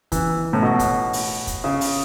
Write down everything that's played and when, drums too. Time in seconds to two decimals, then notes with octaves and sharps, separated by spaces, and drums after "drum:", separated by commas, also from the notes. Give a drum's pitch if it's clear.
0.12 E3, drum: kick, hi-hat
0.53 A2
0.63 B2
0.79 drum: kick, hi-hat
1.13 drum: open hi-hat
1.47 drum: kick, hi-hat
1.64 C#3
1.81 drum: open hi-hat